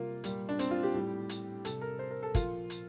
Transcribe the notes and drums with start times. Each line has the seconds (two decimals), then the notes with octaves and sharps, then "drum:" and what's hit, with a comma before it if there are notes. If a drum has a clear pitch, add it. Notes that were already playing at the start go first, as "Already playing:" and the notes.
Already playing: C3 G3 A#3 F4
0.24 A#2 G3, drum: hi-hat
0.49 D4
0.59 C4, drum: hi-hat
0.71 F4
0.83 G4
0.94 A2 G3
1.29 drum: hi-hat
1.65 C3 G3 A4, drum: hi-hat
1.81 A#4
1.99 C5
2.11 A#4
2.23 A4
2.35 A#2 F3 F4, drum: kick, hi-hat
2.70 drum: hi-hat